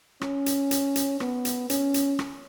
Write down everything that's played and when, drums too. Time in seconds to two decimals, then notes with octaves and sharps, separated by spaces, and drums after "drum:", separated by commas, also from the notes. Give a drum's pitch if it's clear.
0.21 C#4, drum: rim click
0.46 drum: hi-hat
0.71 drum: hi-hat
0.96 drum: hi-hat
1.20 B3, drum: rim click
1.45 drum: hi-hat
1.70 C#4, drum: hi-hat
1.94 drum: hi-hat
2.19 drum: rim click